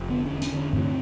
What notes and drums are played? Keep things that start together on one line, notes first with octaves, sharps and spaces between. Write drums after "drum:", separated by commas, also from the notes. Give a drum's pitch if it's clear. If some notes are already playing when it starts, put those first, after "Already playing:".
Already playing: F1
D3 B3
E1 C#4
C#4, drum: hi-hat
D3
C#4
D2 C4, drum: tom G2